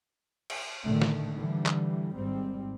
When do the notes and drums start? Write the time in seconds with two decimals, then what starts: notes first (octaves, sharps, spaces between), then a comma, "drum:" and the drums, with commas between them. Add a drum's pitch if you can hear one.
0.50 drum: cymbal
0.84 A2 D3 D#3 A3
1.02 drum: snare
1.37 D3 E3 G3
1.66 drum: clap
2.15 G#1 G#2 G3 C4